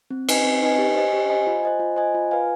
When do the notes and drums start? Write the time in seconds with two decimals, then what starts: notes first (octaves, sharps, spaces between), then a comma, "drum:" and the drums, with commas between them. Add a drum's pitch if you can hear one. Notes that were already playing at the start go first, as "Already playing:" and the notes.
0.11 C4
0.29 D#4 B4 D#5 G#5, drum: cymbal
0.45 C4
0.62 D#4 B4 D#5 G#5
0.78 G4
0.95 C5 D#5 G#5
1.13 G4
1.30 C5 D#5 G#5
1.47 F4
1.63 C5 D#5 G#5
1.79 F4
1.96 C5 D#5 G#5
2.14 F4
2.31 B4 F5 G#5